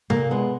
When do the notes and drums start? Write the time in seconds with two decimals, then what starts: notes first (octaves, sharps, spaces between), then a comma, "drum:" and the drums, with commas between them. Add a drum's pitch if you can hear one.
0.10 A#2 A#3, drum: tom C3
0.31 G#3 B3